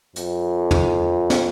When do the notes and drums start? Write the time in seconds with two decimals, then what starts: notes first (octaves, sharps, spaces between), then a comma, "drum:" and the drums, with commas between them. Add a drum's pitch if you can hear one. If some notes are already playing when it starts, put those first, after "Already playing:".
0.16 F2, drum: hi-hat
0.71 drum: tom
1.30 drum: snare